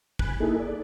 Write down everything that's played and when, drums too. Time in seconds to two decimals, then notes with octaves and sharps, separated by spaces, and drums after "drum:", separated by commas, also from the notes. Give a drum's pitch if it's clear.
0.19 G#5 B5 F#6, drum: kick
0.40 A#3 D#4 E4 G#4 A4
0.60 D5